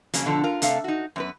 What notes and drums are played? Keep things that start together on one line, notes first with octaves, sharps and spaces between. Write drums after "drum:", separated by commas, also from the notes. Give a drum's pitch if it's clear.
F2 C#3 F#3 A#3 C#4, drum: hi-hat
B2 D3 F3 D4 A4
F4 A#4
C3 A3 D4 A4 F5, drum: hi-hat
D#4 F#4
F#2 B3 B4